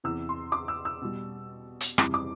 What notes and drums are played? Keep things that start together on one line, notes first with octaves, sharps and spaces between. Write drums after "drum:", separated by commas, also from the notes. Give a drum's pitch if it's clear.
E2 C3 E3 E6
C6
D6
E6
E6
B2 G3
drum: hi-hat
F2 C3 E3 G3 D6, drum: rim click
D6